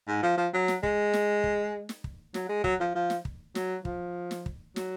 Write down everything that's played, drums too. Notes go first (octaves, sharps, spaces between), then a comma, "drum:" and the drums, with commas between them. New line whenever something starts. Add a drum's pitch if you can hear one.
G#2
F3
F3
F#3
drum: snare
G#3, drum: kick
drum: snare
drum: kick
drum: snare
drum: kick
F#3, drum: snare
G#3
F#3, drum: kick
F3
F3
drum: snare
drum: kick
F#3, drum: snare
F3, drum: kick
drum: snare
drum: kick
F#3, drum: snare